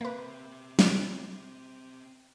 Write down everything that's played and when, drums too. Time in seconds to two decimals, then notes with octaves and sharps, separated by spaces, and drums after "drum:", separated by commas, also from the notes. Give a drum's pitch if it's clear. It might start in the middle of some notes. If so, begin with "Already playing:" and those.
0.01 A#3 C4 B4 E5
0.79 drum: snare